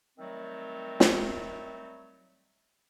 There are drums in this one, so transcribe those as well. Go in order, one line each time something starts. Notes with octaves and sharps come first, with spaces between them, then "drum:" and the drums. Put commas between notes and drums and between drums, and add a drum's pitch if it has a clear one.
D#3 F#3 G3 A3 C4
drum: snare